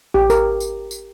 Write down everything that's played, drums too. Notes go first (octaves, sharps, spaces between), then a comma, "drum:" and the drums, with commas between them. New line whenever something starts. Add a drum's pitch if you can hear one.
G4, drum: kick A1
A#4, drum: tambourine
drum: tambourine
drum: tambourine